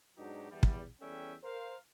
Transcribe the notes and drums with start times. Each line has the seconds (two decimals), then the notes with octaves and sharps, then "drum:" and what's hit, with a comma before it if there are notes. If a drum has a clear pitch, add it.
0.17 G#2 B2 F#3 D4 D#4 G4
0.51 E2 G3
0.63 drum: kick
1.01 E2 G3 C#4 A4 E5 G5
1.44 A#4 C5 F5